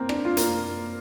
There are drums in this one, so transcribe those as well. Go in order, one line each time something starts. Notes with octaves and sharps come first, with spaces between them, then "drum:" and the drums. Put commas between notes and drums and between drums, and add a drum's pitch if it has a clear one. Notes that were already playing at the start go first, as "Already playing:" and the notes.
Already playing: A#3 C4
D4, drum: rim click
F4
A#3, drum: hi-hat